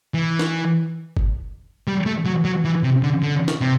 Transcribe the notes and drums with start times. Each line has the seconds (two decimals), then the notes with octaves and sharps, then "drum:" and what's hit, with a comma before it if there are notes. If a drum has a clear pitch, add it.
0.14 E3
0.39 drum: snare
1.17 drum: kick G1
1.87 G3
2.06 A3
2.26 F#3
2.45 F#3
2.65 E3
2.83 C3
3.03 D3
3.23 D3
3.48 drum: snare
3.61 C3